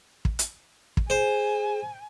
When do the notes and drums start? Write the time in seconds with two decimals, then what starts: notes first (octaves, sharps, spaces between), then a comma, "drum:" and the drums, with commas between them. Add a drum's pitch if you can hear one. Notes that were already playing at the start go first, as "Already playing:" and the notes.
0.25 drum: kick
0.39 drum: hi-hat
0.97 drum: kick
1.10 G#4 C5 G#5